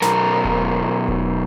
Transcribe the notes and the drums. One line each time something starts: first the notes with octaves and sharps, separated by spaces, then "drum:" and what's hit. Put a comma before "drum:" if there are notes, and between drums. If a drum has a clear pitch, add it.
B1 A#4, drum: snare
drum: kick D#1
drum: kick D#1